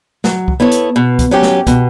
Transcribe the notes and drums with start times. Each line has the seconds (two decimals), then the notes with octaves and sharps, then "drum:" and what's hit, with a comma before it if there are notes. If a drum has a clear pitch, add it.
0.24 F#3, drum: snare
0.48 drum: kick
0.60 B3 E4 A4 C#5
0.72 drum: hi-hat
0.96 B2
1.19 drum: kick, hi-hat
1.31 F#3 C#4 G4
1.43 drum: snare
1.67 B2, drum: kick, hi-hat